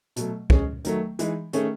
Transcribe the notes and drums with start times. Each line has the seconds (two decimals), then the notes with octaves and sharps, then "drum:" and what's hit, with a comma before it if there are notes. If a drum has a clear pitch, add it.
0.16 B2 F#3 A3, drum: hi-hat
0.50 G#3 C#4 G#4, drum: kick
0.84 D#3 F#3 A3, drum: hi-hat
1.19 E3 G#3 D#4, drum: hi-hat
1.53 D#3 A3 C#4 G#4, drum: hi-hat